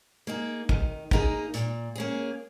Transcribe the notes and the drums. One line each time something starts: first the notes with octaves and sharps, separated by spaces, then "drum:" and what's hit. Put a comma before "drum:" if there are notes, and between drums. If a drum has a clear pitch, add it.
A#3 D#4 G#4
D#3, drum: kick
A#3 D#4 G#4, drum: kick
A#2, drum: hi-hat
A#3 C#4 G#4